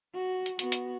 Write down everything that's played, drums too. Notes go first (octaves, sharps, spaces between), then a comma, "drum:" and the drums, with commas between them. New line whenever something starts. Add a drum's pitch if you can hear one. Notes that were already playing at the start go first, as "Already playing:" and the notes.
F#4
drum: hi-hat
B3 F#4, drum: hi-hat
drum: hi-hat